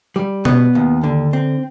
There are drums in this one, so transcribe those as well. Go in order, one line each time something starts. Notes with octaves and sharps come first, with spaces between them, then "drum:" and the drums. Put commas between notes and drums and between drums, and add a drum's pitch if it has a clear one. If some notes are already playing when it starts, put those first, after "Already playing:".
G3
B3, drum: tom B2
D#2
D3
C4